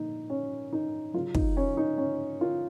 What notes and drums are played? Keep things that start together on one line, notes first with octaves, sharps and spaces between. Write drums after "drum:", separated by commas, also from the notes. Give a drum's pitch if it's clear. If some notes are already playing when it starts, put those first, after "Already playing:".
Already playing: A#2 F3 D#4
C#4
D#4
C#3 F#3 F4
D#4, drum: kick
C#4
D#4
C#4
F4